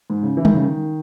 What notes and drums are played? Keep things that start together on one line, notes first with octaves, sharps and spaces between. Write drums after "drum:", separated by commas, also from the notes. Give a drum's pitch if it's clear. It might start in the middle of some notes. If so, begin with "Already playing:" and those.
G#2
C#3
E3
D#3, drum: tom G3
C#3
D#3